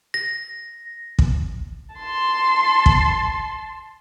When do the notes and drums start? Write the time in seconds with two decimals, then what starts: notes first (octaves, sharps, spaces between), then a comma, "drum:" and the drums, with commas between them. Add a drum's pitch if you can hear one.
0.14 A#6
1.19 drum: kick
1.95 A5 C6
2.86 drum: kick